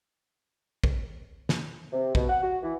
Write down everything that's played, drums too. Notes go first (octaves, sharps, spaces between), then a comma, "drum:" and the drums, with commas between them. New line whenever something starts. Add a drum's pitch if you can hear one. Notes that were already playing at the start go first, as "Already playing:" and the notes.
drum: kick
drum: snare
C3
B2, drum: kick
F#5
F#4
E3